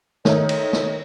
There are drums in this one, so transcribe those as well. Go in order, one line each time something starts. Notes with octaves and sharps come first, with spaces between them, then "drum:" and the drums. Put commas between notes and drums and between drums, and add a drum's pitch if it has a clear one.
D#3 A3 D#4 C#5, drum: snare
drum: cymbal
drum: snare